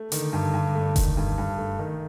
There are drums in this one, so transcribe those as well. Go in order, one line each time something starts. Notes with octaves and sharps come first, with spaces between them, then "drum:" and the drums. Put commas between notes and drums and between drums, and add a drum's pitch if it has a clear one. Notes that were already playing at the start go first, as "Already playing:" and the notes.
Already playing: A3
D3 D#3, drum: hi-hat
G2
G2
A3
D#3, drum: kick F1, hi-hat
G2
G2
A3
D#3